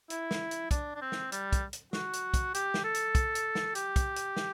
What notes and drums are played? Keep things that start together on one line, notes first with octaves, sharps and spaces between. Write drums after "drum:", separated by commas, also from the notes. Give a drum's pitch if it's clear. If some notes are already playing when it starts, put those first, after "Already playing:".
E4, drum: hi-hat
drum: snare
drum: hi-hat
D4, drum: kick, hi-hat
D4
C4
drum: snare
G3, drum: hi-hat
drum: kick, hi-hat
drum: hi-hat
F#4, drum: snare
drum: hi-hat
drum: kick, hi-hat
G4, drum: hi-hat
drum: snare
A4
drum: hi-hat
drum: kick, hi-hat
drum: hi-hat
drum: snare
G4, drum: hi-hat
drum: kick, hi-hat
drum: hi-hat
drum: snare